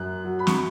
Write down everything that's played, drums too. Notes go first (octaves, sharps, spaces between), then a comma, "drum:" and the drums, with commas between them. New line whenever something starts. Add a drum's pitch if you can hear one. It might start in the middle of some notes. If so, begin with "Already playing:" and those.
Already playing: F#2 F#6
F#3
B5
C#6, drum: snare